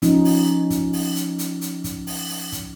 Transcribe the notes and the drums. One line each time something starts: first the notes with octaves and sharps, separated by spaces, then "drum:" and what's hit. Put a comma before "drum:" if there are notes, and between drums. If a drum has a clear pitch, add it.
F3 C#4 D#4, drum: kick, hi-hat
drum: open hi-hat
drum: kick, hi-hat
drum: open hi-hat
drum: hi-hat
drum: hi-hat
drum: hi-hat
drum: kick, hi-hat
drum: open hi-hat
drum: open hi-hat
drum: kick, hi-hat